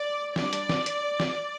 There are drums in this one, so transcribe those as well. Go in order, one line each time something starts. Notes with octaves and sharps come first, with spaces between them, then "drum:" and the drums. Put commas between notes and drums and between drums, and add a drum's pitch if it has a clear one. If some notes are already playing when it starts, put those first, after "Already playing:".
Already playing: D5
G3 D4 D5, drum: snare
drum: hi-hat
drum: snare
drum: hi-hat
drum: snare